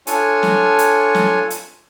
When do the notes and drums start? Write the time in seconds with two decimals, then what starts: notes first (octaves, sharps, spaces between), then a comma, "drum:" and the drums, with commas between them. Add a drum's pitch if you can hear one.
0.07 D4 F4 A4 C#5 G#5, drum: hi-hat
0.43 drum: snare
0.79 drum: hi-hat
1.14 drum: snare
1.50 drum: hi-hat